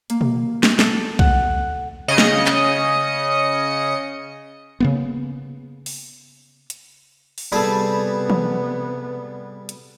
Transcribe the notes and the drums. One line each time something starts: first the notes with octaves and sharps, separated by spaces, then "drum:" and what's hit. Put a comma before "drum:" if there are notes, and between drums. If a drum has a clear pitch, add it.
A#3, drum: hi-hat
drum: tom B2
drum: snare
A4, drum: snare
F#5, drum: kick C2
C#3 D#5 C#7
drum: snare
drum: clap
C#3 A#3 B3
drum: open hi-hat
drum: hi-hat
drum: open hi-hat
C3 G3 B3 G#4 A4 A5 B5
drum: tom E3
drum: hi-hat